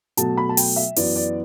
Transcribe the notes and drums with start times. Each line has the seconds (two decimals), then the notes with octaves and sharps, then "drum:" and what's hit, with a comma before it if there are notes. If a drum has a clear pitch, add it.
0.17 B2 F#3 A3 A5, drum: hi-hat
0.37 B5
0.49 A5
0.57 G5, drum: open hi-hat
0.76 E5
0.96 F#2 E3 B3 D5, drum: open hi-hat
1.16 D5